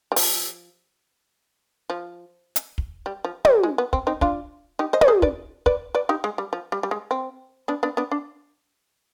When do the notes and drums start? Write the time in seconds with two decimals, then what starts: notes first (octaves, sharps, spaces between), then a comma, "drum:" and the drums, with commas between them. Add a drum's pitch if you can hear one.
0.12 G3
0.16 F3, drum: open hi-hat
1.90 F3
2.56 drum: hi-hat
2.78 drum: kick
3.06 G3
3.24 F3
3.45 G3, drum: tom
3.63 G#3
3.78 B3
3.93 C4, drum: kick
4.07 C4 D#4
4.21 D4 F4, drum: kick
4.79 D#4 G4
4.93 C5 D#5
5.01 B4, drum: tom
5.08 G#4 C5
5.22 B4 D5, drum: kick
5.66 B4 D5, drum: kick
5.95 B4 D5
6.09 D#4 G4
6.24 G#3
6.38 G3
6.53 F3
6.72 G3
6.83 G3
6.91 G#3
7.11 C4
7.68 B3 D4
7.83 B3 D4
7.97 B3 D4
8.11 D4